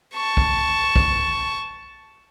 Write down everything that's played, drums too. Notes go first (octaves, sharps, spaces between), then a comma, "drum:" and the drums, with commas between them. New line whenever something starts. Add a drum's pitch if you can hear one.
A5 C#6
drum: kick
drum: kick